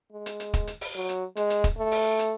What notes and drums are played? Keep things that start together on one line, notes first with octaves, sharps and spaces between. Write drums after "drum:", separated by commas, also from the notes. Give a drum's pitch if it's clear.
G#3
drum: hi-hat
drum: hi-hat
drum: kick, hi-hat
drum: hi-hat
drum: open hi-hat
F#3
drum: hi-hat
G#3, drum: hi-hat
drum: hi-hat
drum: kick, hi-hat
A3
drum: open hi-hat
drum: hi-hat